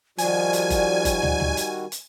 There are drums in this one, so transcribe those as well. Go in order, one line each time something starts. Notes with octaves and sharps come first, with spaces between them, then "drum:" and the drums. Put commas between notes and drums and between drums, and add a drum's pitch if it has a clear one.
D#3 F3 G3 F#4 D5 G#5, drum: hi-hat
drum: hi-hat
drum: kick F#1, hi-hat
drum: kick F#1, hi-hat
drum: tom
drum: tom
drum: hi-hat
drum: hi-hat